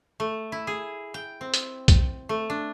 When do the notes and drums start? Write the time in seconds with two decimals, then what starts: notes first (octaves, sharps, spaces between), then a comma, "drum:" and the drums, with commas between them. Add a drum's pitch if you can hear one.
0.20 A3
0.52 E4
0.67 G#4
1.14 G5
1.41 C4
1.54 drum: hi-hat
1.88 drum: kick A#1, hi-hat
2.29 A3
2.50 D4